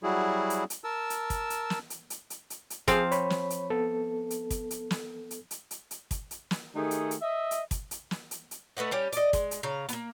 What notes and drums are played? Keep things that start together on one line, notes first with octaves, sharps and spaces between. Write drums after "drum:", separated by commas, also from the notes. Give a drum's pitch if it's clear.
F#3 G3 E4 F#4 G#4
drum: hi-hat
drum: hi-hat
A#4 A5 E6
drum: hi-hat
drum: kick, hi-hat
drum: hi-hat
drum: snare
drum: hi-hat
drum: hi-hat
drum: hi-hat
drum: hi-hat
drum: hi-hat
F3 C4 G#4 F5, drum: kick, hi-hat
C#5 B5, drum: hi-hat
drum: snare
drum: hi-hat
B3 A4
drum: hi-hat
drum: kick, hi-hat
drum: hi-hat
drum: snare
drum: hi-hat
drum: hi-hat
drum: hi-hat
drum: hi-hat
drum: kick, hi-hat
drum: hi-hat
drum: snare
D#3 A3 D#4 G4 G#4
drum: hi-hat
drum: hi-hat
D#5 E5
drum: hi-hat
drum: kick, hi-hat
drum: hi-hat
drum: snare
drum: hi-hat
drum: hi-hat
A3 B4 D#5 F#5
G3 C#4 G4
D5 D#5, drum: hi-hat
G#3, drum: kick, hi-hat
drum: hi-hat
C#3 F5 A#5
A#3 B3, drum: hi-hat